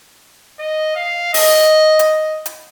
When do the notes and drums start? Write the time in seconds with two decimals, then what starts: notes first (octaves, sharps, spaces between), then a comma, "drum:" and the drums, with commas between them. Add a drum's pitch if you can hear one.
0.59 D#5
0.96 F5
1.34 D#5, drum: open hi-hat
1.99 drum: hi-hat
2.46 drum: hi-hat